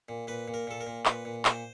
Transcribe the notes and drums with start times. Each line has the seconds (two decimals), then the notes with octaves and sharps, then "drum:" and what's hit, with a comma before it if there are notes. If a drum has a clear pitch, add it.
0.09 A#2
0.27 A#2 B4
0.48 A#2
0.54 A#4
0.67 A#2 A4
0.81 A#4
0.87 A#2
1.06 A#2 B4, drum: clap
1.25 A#2
1.45 A#2 C5, drum: clap